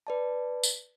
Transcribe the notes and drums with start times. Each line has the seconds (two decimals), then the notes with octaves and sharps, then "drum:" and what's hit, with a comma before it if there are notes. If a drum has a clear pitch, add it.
0.07 B4 D5 A5
0.63 drum: tambourine